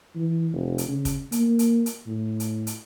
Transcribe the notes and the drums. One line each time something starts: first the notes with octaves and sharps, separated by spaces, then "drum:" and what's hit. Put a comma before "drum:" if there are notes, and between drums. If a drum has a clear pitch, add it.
E3
F1
drum: hi-hat
C#3
drum: kick, hi-hat
A#3, drum: hi-hat
drum: hi-hat
drum: hi-hat
A2
drum: hi-hat
drum: hi-hat